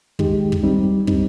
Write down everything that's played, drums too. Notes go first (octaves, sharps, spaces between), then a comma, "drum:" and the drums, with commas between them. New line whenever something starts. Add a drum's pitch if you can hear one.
D#3 G#3 D#4 G4, drum: kick
drum: kick
G3 C4 D#4
G3 C4 D#4, drum: kick